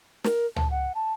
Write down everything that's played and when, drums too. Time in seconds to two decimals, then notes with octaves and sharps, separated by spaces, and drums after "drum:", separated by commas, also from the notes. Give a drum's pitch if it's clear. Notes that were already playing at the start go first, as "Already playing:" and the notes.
0.24 A#4, drum: snare
0.56 A5, drum: tom C#2
0.71 F#5
0.95 A5